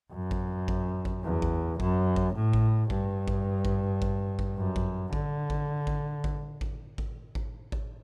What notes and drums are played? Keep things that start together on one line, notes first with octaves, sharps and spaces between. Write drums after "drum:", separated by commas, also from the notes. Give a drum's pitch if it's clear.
F#2
drum: kick G#1
drum: kick G#1
drum: kick G#1
E2
drum: kick G#1
F#2, drum: kick G#1
drum: kick G#1
A2
drum: kick G#1
G2, drum: kick G#1
drum: kick G#1
drum: kick G#1
drum: kick G#1
drum: kick G#1
F#2
drum: kick G#1
D3, drum: kick G#1
drum: kick G#1
drum: kick G#1
drum: kick G#1
drum: kick G#1
drum: kick G#1
drum: kick G#1
drum: kick G#1